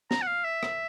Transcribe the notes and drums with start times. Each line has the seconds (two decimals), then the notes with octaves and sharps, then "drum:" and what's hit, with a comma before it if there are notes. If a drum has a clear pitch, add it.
0.11 A#5, drum: snare
0.22 F#5
0.27 F5
0.44 E5
0.63 drum: rim click